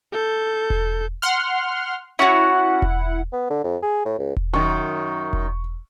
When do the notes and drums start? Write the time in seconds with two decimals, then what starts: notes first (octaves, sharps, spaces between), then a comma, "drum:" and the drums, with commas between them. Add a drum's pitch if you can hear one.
0.12 A4 G6
0.70 drum: kick E1
1.22 F#5 C6 F6
2.19 C#4 E4 F#4 F#5
2.82 drum: kick E1
3.33 B3
3.50 D3
3.64 F2
3.82 G#4
4.05 A2
4.19 C#2
4.37 drum: kick E1
4.54 F#2 D#3 C#6
5.33 drum: kick E1